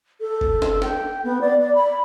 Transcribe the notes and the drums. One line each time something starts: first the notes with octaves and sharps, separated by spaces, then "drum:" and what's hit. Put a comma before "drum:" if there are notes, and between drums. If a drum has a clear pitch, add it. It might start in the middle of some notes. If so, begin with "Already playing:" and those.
A4
drum: kick F#1
drum: snare
G5, drum: snare
B3
D5
D5
B5